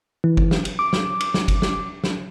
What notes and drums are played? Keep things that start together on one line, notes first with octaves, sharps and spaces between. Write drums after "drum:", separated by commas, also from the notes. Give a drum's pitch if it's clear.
E3
drum: kick G1
drum: snare
drum: cymbal
D6
drum: snare
drum: cymbal
drum: snare
drum: kick G1, cymbal
drum: snare
drum: snare